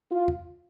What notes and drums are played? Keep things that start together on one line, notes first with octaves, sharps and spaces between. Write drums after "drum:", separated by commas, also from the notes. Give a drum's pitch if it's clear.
F4
drum: tom